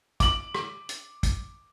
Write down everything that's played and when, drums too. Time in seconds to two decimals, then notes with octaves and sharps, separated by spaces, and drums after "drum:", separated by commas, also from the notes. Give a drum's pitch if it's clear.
0.20 D6 F#7, drum: kick, hi-hat
0.54 drum: rim click
0.89 drum: hi-hat
1.23 drum: kick, hi-hat